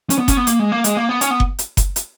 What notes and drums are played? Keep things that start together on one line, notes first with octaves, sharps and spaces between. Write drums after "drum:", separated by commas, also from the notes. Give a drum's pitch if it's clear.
C#4, drum: hi-hat
B3
C#4, drum: kick F#1, hi-hat
B3
A#3, drum: hi-hat
G#3
A#3
G#3, drum: hi-hat
A#3
B3
C#4, drum: hi-hat
B3
drum: kick F#1
drum: hi-hat
drum: kick F#1, hi-hat
drum: hi-hat